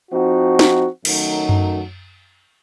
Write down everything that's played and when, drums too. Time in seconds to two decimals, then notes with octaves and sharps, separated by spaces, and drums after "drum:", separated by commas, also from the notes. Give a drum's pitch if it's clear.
0.10 F3 C4 D#4 F#4
0.59 drum: snare
1.05 F#2 D#3 F#3 A3 D#4, drum: cymbal
1.49 drum: tom F#2